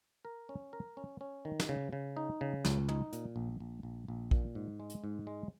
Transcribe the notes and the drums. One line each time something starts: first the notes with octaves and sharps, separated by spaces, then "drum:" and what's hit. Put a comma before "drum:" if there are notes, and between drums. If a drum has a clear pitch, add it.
A#4
C#4
A#4
C#4
C#4
D#3
drum: snare
C#3
C#3
D#4
C#3
C#2, drum: snare
D#4, drum: tom
A#2, drum: hi-hat
A#1
A#1
A#1
A#1
A#2, drum: kick A#1
G#2
G#3
drum: hi-hat
G#2
G#3